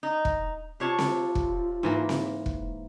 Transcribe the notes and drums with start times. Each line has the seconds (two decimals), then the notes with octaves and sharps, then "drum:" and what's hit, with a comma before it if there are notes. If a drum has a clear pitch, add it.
0.03 D#4
0.25 drum: kick
0.80 C3 F4 C#5 A5
0.99 drum: snare C4
1.35 drum: kick
1.83 G#2 E3 A#3
2.09 drum: snare C4
2.46 drum: kick